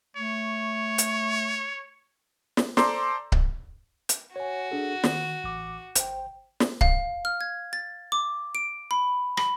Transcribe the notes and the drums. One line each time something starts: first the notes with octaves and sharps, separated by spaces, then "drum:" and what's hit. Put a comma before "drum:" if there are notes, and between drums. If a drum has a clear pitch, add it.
A3 C#5
drum: hi-hat
drum: snare
A4 C5 D5 A#5 C6 D6, drum: snare
drum: kick C#1
drum: hi-hat
F#4 C#5 G#5
D4 G#4 A4
D#3, drum: snare
A1 D6
G#1 C5 G5, drum: hi-hat
drum: snare
F5, drum: kick C#1
F6
G#6
A6
D6
D7
B5
B5, drum: rim click